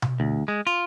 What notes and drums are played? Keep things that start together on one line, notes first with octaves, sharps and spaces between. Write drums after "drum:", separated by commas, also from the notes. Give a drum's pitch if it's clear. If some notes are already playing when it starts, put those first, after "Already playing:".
drum: tom B2
D2
G#3
F4